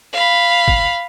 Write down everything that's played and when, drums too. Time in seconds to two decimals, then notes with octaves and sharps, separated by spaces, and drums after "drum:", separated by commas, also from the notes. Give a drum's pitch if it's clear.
0.13 F5 B5
0.68 drum: kick